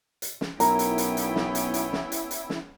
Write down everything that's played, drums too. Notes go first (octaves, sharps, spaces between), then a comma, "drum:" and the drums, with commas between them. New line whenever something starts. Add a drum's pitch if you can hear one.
drum: hi-hat
drum: snare
B1 B3 C#4 E4 A#4 G5, drum: hi-hat
drum: hi-hat
drum: hi-hat
drum: hi-hat
drum: snare
drum: hi-hat
drum: hi-hat
drum: snare
drum: hi-hat
drum: hi-hat
drum: snare